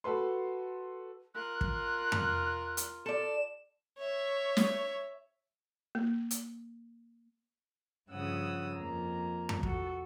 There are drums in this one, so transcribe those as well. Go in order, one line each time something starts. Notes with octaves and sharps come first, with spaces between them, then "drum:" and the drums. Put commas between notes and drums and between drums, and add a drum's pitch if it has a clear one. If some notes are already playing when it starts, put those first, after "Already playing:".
F#4 A4 B4 C6
F4 A#4 F#6
drum: kick
drum: tom F2
drum: hi-hat
A4 D5 E7
C#5 E5
drum: snare
A#3
drum: hi-hat
G2 C#3 F3 F#5 D#6 E6
F2 A#3 A#5
drum: tom F2
F#4 A4, drum: kick